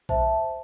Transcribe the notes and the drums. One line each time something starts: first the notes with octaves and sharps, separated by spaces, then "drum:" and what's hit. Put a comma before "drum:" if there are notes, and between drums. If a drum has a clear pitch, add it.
C5 E5 A5, drum: kick A#1